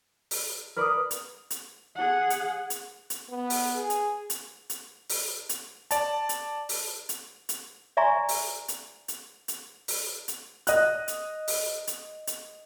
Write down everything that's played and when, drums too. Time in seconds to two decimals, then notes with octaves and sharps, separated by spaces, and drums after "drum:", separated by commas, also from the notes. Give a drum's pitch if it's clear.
0.31 drum: open hi-hat
0.77 A#4 B4 D5 D#6 F6
1.11 drum: hi-hat
1.50 drum: hi-hat
1.96 G#4 F#5
2.30 drum: hi-hat
2.70 drum: hi-hat
3.10 drum: hi-hat
3.30 B3
3.50 drum: open hi-hat
3.75 G#4
3.90 drum: hi-hat
4.30 drum: hi-hat
4.70 drum: hi-hat
5.09 drum: open hi-hat
5.49 drum: hi-hat
5.91 D5 A5, drum: hi-hat
6.29 drum: hi-hat
6.69 drum: open hi-hat
7.09 drum: hi-hat
7.49 drum: hi-hat
7.97 D5 E5 G#5 A#5 C6 C#6
8.28 drum: open hi-hat
8.68 drum: hi-hat
9.08 drum: hi-hat
9.48 drum: hi-hat
9.88 drum: open hi-hat
10.28 drum: hi-hat
10.67 D#5 F#6, drum: hi-hat
11.08 drum: hi-hat
11.48 drum: open hi-hat
11.87 drum: hi-hat
12.27 drum: hi-hat